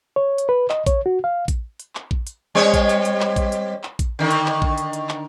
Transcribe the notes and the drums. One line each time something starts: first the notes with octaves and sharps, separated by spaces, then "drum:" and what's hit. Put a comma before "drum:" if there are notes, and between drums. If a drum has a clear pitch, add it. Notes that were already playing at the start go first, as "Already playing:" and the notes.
C#5
drum: hi-hat
B4
D#5, drum: clap
C#5, drum: kick A#1, hi-hat
F#4
F5
drum: kick A#1, hi-hat
drum: hi-hat
drum: clap
drum: kick A#1
drum: hi-hat
G3 C4 C#5
drum: kick A#1, hi-hat
drum: hi-hat
drum: hi-hat
drum: clap
drum: kick A#1, hi-hat
drum: hi-hat
drum: clap
drum: kick A#1, hi-hat
D3 D#3
drum: hi-hat
drum: clap
drum: kick A#1
drum: hi-hat
drum: hi-hat
drum: clap